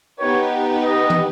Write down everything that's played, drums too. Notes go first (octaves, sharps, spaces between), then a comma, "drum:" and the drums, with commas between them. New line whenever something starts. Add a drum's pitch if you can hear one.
B3 D#4 G4 B4 C#5
D#5
drum: tom